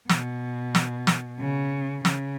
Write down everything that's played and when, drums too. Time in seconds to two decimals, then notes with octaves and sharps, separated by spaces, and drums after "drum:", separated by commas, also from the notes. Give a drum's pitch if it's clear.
0.09 B2, drum: snare
0.75 drum: snare
1.07 drum: snare
1.39 C#3
2.05 C#3, drum: snare